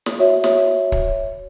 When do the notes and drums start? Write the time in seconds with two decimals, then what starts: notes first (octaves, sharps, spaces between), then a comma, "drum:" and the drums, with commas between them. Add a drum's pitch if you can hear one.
0.06 drum: snare
0.19 F#4 C#5 E5
0.44 drum: snare
0.92 drum: kick